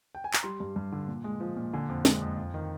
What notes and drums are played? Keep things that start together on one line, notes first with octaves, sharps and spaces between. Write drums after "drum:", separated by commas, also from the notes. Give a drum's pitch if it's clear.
G5
G#5
A#5, drum: clap
G3 C6
G2
G2
D3
A#2
G#3
F3
A#2
D3 G#5
F2
G#3, drum: snare
F2
F2
D#3